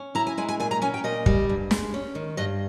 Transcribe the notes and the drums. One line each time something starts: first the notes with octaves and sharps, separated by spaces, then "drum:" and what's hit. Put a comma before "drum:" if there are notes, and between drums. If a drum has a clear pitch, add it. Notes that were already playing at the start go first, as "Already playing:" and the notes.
Already playing: C#4
E4 A#5
G#5
G#3 G#5
G#5
A#2 G#5
A#5
C#4 G#5
G5
A#2 D#5
G3, drum: kick
G2
G#3, drum: snare
C#4
D#3
G2 D#5